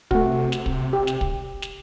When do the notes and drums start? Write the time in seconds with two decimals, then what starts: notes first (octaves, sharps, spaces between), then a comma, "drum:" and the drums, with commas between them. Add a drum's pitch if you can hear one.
0.11 C3 A3 F#4, drum: kick
0.52 drum: snare
0.66 drum: kick
0.93 G4
1.07 drum: snare
1.21 drum: kick
1.62 drum: snare